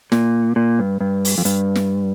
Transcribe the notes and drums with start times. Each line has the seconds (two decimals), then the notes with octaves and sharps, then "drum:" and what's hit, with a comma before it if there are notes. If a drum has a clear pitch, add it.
0.12 A#2, drum: snare
0.56 A#2
0.79 G2
1.01 G2
1.25 drum: open hi-hat
1.38 F2
1.45 G2, drum: hi-hat
1.75 drum: snare